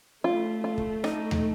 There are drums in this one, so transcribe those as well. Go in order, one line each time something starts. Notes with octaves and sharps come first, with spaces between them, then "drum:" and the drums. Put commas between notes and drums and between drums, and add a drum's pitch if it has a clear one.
A3 F4
F4
drum: kick
D#4, drum: rim click
drum: tom D#2